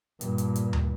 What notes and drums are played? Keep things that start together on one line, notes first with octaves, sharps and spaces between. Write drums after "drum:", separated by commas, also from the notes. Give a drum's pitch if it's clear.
G2 A#2, drum: hi-hat
drum: hi-hat
drum: hi-hat
drum: tom D2